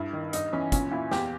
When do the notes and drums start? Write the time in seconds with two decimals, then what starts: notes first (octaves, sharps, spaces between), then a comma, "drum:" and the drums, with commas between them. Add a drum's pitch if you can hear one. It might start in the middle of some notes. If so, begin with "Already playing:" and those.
Already playing: G2 E4
0.13 D#3
0.33 G2 D#4, drum: hi-hat
0.53 E3 C#4
0.72 A#2 C#4, drum: kick, hi-hat
0.91 A#2 E4
1.12 E2 G4, drum: snare